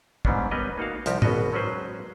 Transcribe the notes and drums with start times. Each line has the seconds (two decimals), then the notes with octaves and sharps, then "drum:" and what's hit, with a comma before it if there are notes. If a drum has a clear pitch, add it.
0.25 G#2 E3 G3 B3 C#4 D4, drum: kick
0.51 G3 B3 C#4 A#4 B4 D#5
0.78 A#3 D#4 F#4 F5
1.06 C2 F3 G4, drum: hi-hat
1.22 G#1 B2 B3 F#4 D#5, drum: tom
1.53 F#3 G#3 C#4 B4 C5